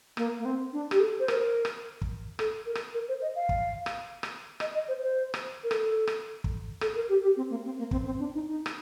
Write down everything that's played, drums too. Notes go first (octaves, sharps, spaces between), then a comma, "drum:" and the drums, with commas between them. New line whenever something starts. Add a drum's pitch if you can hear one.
A#3, drum: rim click
A#3
C4
D4
G4, drum: rim click
A4
C5
A#4, drum: rim click
drum: rim click
drum: kick
A4, drum: rim click
A#4
drum: rim click
A#4
C5
D#5
F5
drum: kick
drum: rim click
drum: rim click
D#5, drum: rim click
D#5
C5
C5
drum: rim click
A#4
A4, drum: rim click
drum: rim click
drum: kick
A4, drum: rim click
A#4
G4
G4
C4
A#3
C4
A#3
C4, drum: kick
C4
D4
D#4
D#4
drum: rim click